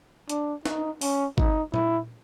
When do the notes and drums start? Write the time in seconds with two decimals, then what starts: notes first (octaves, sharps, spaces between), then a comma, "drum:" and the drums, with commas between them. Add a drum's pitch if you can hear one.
0.29 D4, drum: hi-hat
0.66 D#4, drum: snare
1.01 C#4, drum: open hi-hat
1.38 D#4, drum: kick
1.74 E4, drum: tom A#2